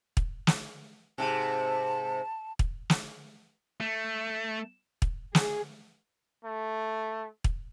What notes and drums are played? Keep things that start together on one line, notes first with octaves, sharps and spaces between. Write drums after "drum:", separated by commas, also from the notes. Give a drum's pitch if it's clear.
drum: kick
drum: snare
G#2 C3 A5
drum: kick
drum: snare
A3
drum: kick
G#4, drum: snare
A3
drum: kick